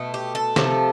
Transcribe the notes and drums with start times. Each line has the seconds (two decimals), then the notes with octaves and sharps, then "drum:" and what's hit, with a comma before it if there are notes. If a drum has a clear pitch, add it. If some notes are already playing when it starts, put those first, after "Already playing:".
Already playing: B2 A3
0.14 G4
0.35 A4
0.56 C3 F3 A3, drum: snare